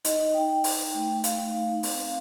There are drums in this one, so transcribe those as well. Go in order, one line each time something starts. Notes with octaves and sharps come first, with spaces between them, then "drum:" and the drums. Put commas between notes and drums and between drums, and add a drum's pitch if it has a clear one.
D#4 D#5, drum: hi-hat
D#4
D#4 G5
D#4
D#4, drum: open hi-hat
D#4
A3
D#4
A3 F5, drum: hi-hat
D#4
A3
D#4
C4, drum: open hi-hat
C4